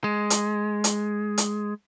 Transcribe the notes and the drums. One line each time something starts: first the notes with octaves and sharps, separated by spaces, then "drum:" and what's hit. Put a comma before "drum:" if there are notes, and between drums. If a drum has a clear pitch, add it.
G#3
drum: hi-hat
drum: hi-hat
drum: hi-hat